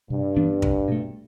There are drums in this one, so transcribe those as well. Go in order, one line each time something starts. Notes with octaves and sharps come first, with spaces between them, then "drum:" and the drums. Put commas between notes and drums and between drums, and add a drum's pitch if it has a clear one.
G2 C3
E3 B3 D4
C2, drum: kick
B2 A3